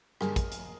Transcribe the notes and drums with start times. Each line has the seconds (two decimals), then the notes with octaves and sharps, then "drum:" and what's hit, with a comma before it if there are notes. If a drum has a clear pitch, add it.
0.21 G2 D3 G3 A#3 G#4 A#4, drum: rim click
0.36 drum: kick, hi-hat
0.52 drum: hi-hat